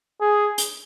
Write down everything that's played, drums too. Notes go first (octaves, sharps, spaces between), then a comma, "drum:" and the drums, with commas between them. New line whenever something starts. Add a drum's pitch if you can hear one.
G#4
drum: hi-hat